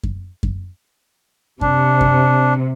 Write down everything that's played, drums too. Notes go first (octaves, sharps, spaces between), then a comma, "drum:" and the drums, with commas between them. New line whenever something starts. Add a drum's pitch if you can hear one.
drum: kick F#2
drum: kick F#2
C3 D4, drum: kick F#2
drum: kick F#2